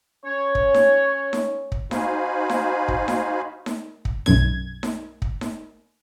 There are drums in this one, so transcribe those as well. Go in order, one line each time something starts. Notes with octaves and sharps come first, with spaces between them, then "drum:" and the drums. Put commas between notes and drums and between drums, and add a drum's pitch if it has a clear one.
C#4 C#5
drum: kick
drum: snare D#4
drum: snare D#4
drum: kick
D#4 F#4 C5 F5 G#5 B5, drum: snare D#4
drum: snare D#4
drum: kick
drum: snare D#4
drum: snare D#4
drum: kick
B1 F#2 G#6, drum: snare D#4
drum: snare D#4
drum: kick
drum: snare D#4